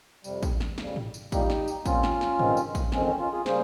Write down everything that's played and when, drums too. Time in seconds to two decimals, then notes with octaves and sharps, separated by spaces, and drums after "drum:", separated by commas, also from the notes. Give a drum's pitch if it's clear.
0.24 F2 C3 G3, drum: tambourine
0.43 drum: kick, tambourine
0.60 drum: snare
0.78 F2 C#3 G3, drum: snare
0.96 drum: tom G#2
1.14 drum: tambourine
1.32 A#2 G3 A#3 D#4 G4, drum: kick, tambourine
1.50 drum: snare
1.68 drum: tambourine
1.86 A#2 F3 C4 C#4 F4, drum: kick, tambourine
2.03 drum: snare
2.21 drum: snare
2.39 G2 D#3 G#3 C4, drum: tom G#2
2.57 drum: tambourine
2.75 drum: kick, tambourine
2.92 F2 D#3 G#3 C4 C#4, drum: snare
3.06 C#4
3.19 C#4 F4
3.32 F4 G#4
3.46 C#3 G3 A#3 G#4 C5, drum: snare